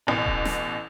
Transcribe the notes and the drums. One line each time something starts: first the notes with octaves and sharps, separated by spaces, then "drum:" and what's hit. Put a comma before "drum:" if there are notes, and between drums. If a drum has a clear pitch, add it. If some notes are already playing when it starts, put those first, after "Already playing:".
A1 B2
drum: kick D#1
drum: snare